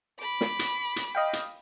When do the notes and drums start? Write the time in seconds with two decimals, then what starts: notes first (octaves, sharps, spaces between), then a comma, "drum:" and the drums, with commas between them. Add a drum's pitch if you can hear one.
0.19 B5 D6
0.41 drum: snare
0.59 drum: hi-hat
0.96 drum: hi-hat
1.15 D#5 F5 G5
1.33 drum: hi-hat